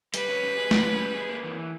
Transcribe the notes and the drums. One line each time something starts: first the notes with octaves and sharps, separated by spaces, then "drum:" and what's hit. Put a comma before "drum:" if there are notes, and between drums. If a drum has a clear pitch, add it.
G3 B4, drum: hi-hat
C#4
G3
G#4
G3, drum: snare
C#4
G3
G#4
A#3
E3